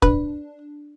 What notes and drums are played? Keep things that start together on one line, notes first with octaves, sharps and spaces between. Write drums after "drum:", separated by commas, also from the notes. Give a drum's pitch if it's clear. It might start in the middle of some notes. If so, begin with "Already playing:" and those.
D4 B4, drum: kick